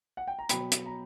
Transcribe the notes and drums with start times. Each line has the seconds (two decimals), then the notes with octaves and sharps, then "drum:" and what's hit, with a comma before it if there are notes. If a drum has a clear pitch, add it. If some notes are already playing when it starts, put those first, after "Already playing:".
0.17 F#5
0.28 G5
0.39 A#5
0.49 B2 F#3 G5 B5, drum: hi-hat
0.72 drum: hi-hat
0.86 A#5